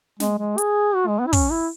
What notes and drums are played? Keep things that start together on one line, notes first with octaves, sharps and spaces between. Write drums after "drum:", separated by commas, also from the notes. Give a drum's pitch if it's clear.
G#3, drum: snare
G#3
G#4, drum: hi-hat
F#4
G#3
B3
E4
C#4, drum: kick, open hi-hat
E4